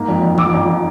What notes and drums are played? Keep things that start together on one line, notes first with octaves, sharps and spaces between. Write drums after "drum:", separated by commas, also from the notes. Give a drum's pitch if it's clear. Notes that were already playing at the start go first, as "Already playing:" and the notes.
Already playing: G#2 A#3
F2
F2
F3 D6, drum: tom E3
F2
F3